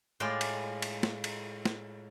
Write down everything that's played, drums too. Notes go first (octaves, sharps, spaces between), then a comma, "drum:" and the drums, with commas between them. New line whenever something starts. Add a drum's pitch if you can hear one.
A2 G#3 F4 D5 G5
drum: cymbal
drum: cymbal
drum: snare
drum: cymbal
drum: snare